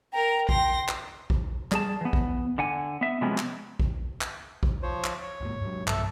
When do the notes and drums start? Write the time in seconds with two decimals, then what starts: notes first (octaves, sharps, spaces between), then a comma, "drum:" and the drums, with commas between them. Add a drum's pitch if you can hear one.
0.13 A#4 G5 A#5
0.49 G5 C6 A#6, drum: kick A1
0.88 drum: clap
1.30 drum: kick A1
1.72 G3 G#4 A5, drum: clap
2.01 E3 B3
2.13 drum: kick A1
2.58 D3 F#5 G#5
3.01 B3 E5
3.21 C3 F3 F#3 G#3 B3 C#4
3.38 drum: clap
3.80 drum: kick A1
4.21 drum: clap
4.63 drum: kick A1
4.83 F3 C5 C#5
5.04 drum: clap
5.22 C#5
5.41 D1 G#2 A#3
5.62 G#2 F#3
5.88 B1 G2 A4 E5 A5, drum: clap